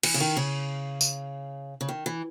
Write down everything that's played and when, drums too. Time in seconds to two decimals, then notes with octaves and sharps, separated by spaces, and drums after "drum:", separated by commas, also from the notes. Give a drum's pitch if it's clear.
0.03 E3, drum: cymbal
0.14 C#3
0.20 D#3
0.37 C#3
1.01 drum: tambourine
1.81 C#3
1.88 D#3
2.06 E3